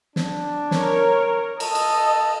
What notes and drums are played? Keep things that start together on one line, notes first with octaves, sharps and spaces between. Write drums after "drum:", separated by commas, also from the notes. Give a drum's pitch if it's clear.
D4, drum: snare
A#4 C#5, drum: snare
A4 D#5, drum: cymbal
drum: cymbal